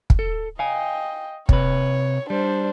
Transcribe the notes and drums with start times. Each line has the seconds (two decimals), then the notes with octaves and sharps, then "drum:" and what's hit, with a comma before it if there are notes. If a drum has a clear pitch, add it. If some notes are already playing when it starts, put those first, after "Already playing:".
0.10 drum: kick
0.19 A4
0.59 D#5 F5 G5 G#5
1.49 C3 B4 C#5, drum: kick
2.30 G3 D4 C5